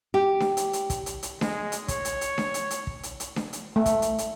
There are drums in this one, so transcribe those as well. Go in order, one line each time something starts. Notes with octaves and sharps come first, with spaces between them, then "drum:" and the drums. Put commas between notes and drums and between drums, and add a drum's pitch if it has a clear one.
G4
drum: snare D4
drum: hi-hat
drum: hi-hat
drum: kick, hi-hat
drum: hi-hat
drum: hi-hat
G#3, drum: snare D4
drum: hi-hat
C#5, drum: kick, hi-hat
drum: hi-hat
drum: hi-hat
drum: snare D4
drum: hi-hat
drum: hi-hat
drum: kick
drum: hi-hat
drum: hi-hat
drum: snare D4
drum: hi-hat
A3
drum: kick, hi-hat
drum: hi-hat
drum: hi-hat